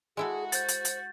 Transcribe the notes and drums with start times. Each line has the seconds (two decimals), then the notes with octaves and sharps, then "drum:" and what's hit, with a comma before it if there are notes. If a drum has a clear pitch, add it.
0.17 G#3 E4 F#4 G#4 A4
0.52 C5 G6 A6, drum: hi-hat
0.68 drum: hi-hat
0.85 drum: hi-hat